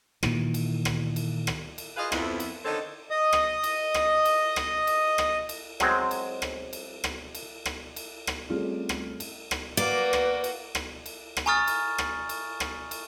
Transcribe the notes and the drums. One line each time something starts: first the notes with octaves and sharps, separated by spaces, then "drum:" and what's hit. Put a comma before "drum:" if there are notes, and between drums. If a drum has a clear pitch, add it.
A#2 D#3 E3, drum: rim click
drum: cymbal
drum: rim click
drum: cymbal
drum: rim click
drum: cymbal
F4 G#4 B4 D#5 F5
F2 B3 E4, drum: rim click
drum: cymbal
D3 D#3 C4 D#4 A4 C#5
D#5 D#6
drum: rim click
drum: cymbal
drum: rim click
drum: cymbal
drum: rim click
drum: cymbal
drum: rim click
drum: cymbal
F#3 G#3 C4, drum: rim click
drum: cymbal
drum: rim click
drum: cymbal
drum: rim click
drum: cymbal
drum: rim click
drum: cymbal
drum: rim click
G3 A3 C4 C#4 F4 G#4
drum: rim click
drum: cymbal
drum: rim click
A#3 F#4 B4 D5
drum: rim click
drum: cymbal
drum: rim click
drum: cymbal
drum: rim click
G#5 A#5 C#6 D#6 F6 A6
drum: cymbal
drum: rim click
drum: cymbal
drum: rim click
drum: cymbal